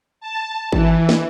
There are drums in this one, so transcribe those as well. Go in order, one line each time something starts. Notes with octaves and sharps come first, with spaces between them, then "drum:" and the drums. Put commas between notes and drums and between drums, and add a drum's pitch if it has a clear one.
A5
E3, drum: kick G#1
drum: snare